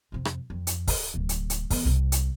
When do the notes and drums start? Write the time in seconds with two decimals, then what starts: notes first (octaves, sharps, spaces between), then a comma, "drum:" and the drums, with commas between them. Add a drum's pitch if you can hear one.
0.12 F2 C3
0.25 drum: rim click
0.50 F2
0.67 drum: hi-hat
0.88 drum: kick, open hi-hat
1.14 D1 C#3
1.29 drum: hi-hat
1.50 drum: hi-hat
1.70 E3 B3, drum: kick, open hi-hat
1.85 C2 C3
2.12 drum: hi-hat